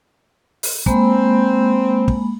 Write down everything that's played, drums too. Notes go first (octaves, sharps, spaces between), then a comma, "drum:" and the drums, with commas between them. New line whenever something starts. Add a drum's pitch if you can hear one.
drum: open hi-hat
G#3 A#3 C4 B5, drum: kick
drum: kick